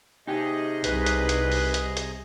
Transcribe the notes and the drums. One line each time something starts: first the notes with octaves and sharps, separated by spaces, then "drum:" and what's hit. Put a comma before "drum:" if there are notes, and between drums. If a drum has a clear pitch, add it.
C3 D#4 G4 G#4 D#5
C2 B4, drum: hi-hat
drum: hi-hat
drum: hi-hat
drum: open hi-hat
drum: hi-hat
drum: hi-hat